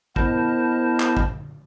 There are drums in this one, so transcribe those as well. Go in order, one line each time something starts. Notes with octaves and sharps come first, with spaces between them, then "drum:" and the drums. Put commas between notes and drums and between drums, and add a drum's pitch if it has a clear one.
B3 E4 A#4 C5 D#5 A5, drum: kick
drum: clap
drum: kick